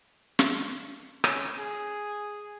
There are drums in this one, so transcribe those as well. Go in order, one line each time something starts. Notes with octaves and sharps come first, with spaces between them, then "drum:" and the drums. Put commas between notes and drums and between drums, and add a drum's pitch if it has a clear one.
drum: snare
C#4, drum: rim click
G#4